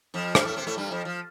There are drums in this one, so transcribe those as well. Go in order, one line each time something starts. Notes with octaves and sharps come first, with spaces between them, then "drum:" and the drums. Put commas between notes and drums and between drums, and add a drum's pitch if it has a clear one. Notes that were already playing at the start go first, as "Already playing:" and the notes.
F2 F3
G2 G3, drum: rim click
A2 A3
C3 C4
A2 A3
G2 G3
F2 F3
F3